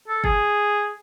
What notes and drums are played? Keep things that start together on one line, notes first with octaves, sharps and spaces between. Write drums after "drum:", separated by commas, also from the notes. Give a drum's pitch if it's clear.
A4
G#4, drum: kick